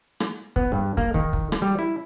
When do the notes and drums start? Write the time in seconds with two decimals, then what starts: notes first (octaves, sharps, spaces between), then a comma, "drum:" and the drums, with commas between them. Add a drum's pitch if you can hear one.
0.20 drum: rim click
0.56 B3, drum: kick
0.72 G2
0.97 A#3, drum: kick
1.14 D#3, drum: kick
1.33 drum: kick
1.52 drum: rim click
1.62 G3
1.79 E4